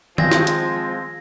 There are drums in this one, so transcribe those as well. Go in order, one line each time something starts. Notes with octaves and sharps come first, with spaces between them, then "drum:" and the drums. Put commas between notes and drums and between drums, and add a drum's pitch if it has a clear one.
D#3 F3 G#3 C4 F5 G#6 A#6, drum: tom
drum: snare
drum: hi-hat